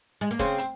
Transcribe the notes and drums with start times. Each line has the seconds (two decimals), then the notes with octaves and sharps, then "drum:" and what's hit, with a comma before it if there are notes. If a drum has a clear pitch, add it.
0.21 G#3
0.31 A#3
0.39 C#3 C4, drum: kick, hi-hat
0.58 drum: hi-hat